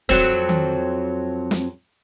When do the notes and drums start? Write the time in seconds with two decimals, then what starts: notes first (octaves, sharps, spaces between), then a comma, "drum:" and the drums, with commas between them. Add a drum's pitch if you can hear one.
0.09 F2 F#3 C4, drum: kick C#1
0.49 drum: tom D#3
1.51 drum: snare